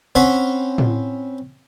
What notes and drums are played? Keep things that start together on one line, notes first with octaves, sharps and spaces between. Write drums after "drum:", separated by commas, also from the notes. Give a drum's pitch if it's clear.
C4 C#4 C5 C#5 F#5 B5
drum: tom A2